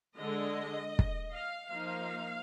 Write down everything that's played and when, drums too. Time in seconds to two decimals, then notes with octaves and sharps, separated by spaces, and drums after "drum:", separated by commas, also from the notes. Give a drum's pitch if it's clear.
0.16 D3 G#3 D4 D#5
0.99 drum: kick
1.31 F5
1.69 F3 A#3 D#4 F5